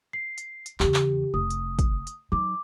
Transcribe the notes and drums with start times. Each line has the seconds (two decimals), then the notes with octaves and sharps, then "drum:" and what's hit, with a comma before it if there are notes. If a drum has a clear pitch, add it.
0.13 C7
0.38 drum: hi-hat
0.66 drum: hi-hat
0.80 E2 C#3 G4, drum: clap
0.94 drum: clap
1.34 F1 D#6
1.50 drum: hi-hat
1.79 drum: kick, hi-hat
2.07 drum: hi-hat
2.32 F#3 D#4 D6